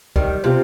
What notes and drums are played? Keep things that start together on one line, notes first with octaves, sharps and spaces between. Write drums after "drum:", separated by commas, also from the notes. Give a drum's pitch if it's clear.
D#3 G3, drum: kick
C3 C4 F4